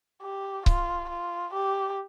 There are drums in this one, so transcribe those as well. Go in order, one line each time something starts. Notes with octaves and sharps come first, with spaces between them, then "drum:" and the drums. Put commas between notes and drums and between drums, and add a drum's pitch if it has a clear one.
G4
F4, drum: kick C#1
F4
G4